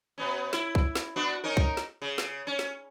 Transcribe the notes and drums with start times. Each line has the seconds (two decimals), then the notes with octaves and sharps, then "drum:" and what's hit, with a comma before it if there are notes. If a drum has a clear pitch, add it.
0.18 B2 B3 C#4
0.53 E4, drum: snare
0.75 drum: kick
0.95 drum: snare
1.16 B3 D4 F#4
1.44 C#4 D#4 A#4
1.57 drum: kick
1.77 drum: snare
2.02 C#3
2.18 drum: snare
2.47 C#4
2.59 drum: snare